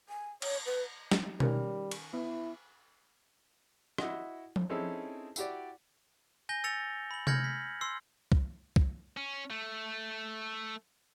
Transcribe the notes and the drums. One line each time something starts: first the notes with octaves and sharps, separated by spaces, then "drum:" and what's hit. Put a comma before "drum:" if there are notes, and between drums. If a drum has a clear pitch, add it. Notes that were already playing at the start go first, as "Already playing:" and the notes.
G#5
C#5, drum: cymbal
B4
drum: snare
D#3 G3 C#4 A#4, drum: tom B2
drum: cymbal
B3 E4
E4 F#4 D#5 F#5, drum: rim click
drum: tom F3
C4 C#4 D#4 E4 G#4 A4
E4 F#4 G4 D5, drum: tambourine
G#5 G6 A#6 G7
E6 A6 C#7 F7
B5 F#7
F6 G6 G#6 A#6 C#7 F#7, drum: tom C3
B6
C6 E6 C7
drum: kick C2
drum: kick C2
C#4
A3